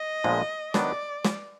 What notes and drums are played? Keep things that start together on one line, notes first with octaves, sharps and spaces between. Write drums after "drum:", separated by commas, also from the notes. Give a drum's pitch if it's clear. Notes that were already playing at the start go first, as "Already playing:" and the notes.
Already playing: D#5
A#1 A#2 F3 G#3 B3
D#3 F#3 B3 D4 D5, drum: snare
drum: snare